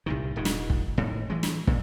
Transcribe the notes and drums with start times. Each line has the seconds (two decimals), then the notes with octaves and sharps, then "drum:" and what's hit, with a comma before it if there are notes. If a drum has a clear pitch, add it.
0.06 C2 A#2 D#3
0.36 D#1 G#2 D#3
0.45 drum: snare
0.70 drum: kick
0.98 A2 D#3
1.30 E3 G#3
1.43 drum: snare
1.67 A#2, drum: kick